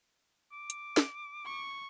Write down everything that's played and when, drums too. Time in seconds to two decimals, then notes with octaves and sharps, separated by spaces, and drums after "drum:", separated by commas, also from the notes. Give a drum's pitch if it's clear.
0.52 D6
0.70 drum: hi-hat
0.97 drum: snare
1.45 C#6